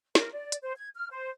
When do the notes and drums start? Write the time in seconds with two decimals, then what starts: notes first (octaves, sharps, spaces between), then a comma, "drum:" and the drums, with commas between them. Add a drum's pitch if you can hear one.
0.15 A#4, drum: snare
0.32 D5
0.52 drum: hi-hat
0.62 C5
0.77 G#6
0.95 F6
1.11 C5